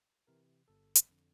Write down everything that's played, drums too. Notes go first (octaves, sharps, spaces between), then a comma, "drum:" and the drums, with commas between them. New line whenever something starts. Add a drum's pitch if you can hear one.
C3 E3 A#4
G1 A4
drum: hi-hat
F2 D3